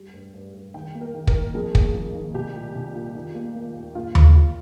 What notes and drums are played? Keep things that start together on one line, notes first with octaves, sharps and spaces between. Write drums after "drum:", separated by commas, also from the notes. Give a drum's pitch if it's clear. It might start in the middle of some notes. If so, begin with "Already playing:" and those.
Already playing: G3
G2
G2
G2
D#3 G5
A#3
A#4
D#3
A#4, drum: kick
D#3
F2 G#4
A#3, drum: kick
F2
D#3
C2 G4
A#2
C2
A#2
D#3
A#3
A#3
D#2
A#2 F4
G#3, drum: tom D#2
A#2